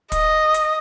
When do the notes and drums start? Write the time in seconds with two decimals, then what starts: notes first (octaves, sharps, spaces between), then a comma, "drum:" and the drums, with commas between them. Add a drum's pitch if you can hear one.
0.12 D#5, drum: kick, hi-hat
0.54 drum: hi-hat